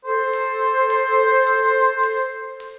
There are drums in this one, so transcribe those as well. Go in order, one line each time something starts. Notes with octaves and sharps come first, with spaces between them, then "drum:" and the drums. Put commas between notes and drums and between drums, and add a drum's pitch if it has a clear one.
A4 C5
drum: hi-hat
drum: hi-hat
drum: open hi-hat
drum: hi-hat
drum: hi-hat